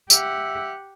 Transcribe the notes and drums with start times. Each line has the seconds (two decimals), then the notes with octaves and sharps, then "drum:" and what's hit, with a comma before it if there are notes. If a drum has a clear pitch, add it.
0.10 G4 E5 F#5, drum: tambourine